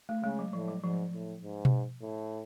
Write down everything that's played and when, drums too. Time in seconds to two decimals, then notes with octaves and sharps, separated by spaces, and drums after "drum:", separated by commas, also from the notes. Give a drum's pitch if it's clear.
0.09 A3
0.23 C#3 G#3
0.39 F#3
0.53 A2 F3
0.68 F#3
0.83 G#2 F3
1.13 A2
1.42 G#2
1.65 drum: tom B2
2.02 A2